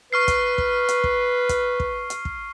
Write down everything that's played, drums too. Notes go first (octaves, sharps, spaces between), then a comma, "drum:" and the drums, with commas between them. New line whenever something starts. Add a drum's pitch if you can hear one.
B4 C#6 F6 C7
drum: kick, hi-hat
drum: kick
drum: hi-hat
drum: kick
drum: kick, hi-hat
drum: kick
drum: hi-hat
drum: kick